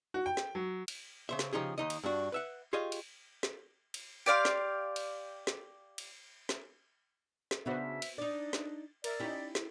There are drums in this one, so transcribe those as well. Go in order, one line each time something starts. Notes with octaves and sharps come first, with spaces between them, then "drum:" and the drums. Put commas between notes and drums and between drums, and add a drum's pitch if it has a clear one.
F#4
G5
drum: snare
F#3
drum: cymbal
C#3 C5 E5
drum: snare
C#3 F3 D#4 G4 G#4
D#2 D#4 D#5
drum: cymbal
G2 D4 F#4
B4 E5 F#5
F4 G4 G#4 C#5 D#5 F5
drum: cymbal
drum: snare
drum: cymbal
G4 D5 F5 C6
drum: snare
drum: cymbal
drum: snare
drum: cymbal
drum: snare
drum: snare
C#3 B3 D4 F#4 C5 E5
drum: cymbal
D4 D#4 D5 A6
drum: snare
A#4 D5 E5, drum: cymbal
C#4 D#4 E4 G4
drum: snare